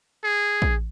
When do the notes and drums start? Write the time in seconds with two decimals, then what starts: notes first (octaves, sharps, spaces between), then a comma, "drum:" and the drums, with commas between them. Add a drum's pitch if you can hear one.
0.24 G#4
0.62 drum: kick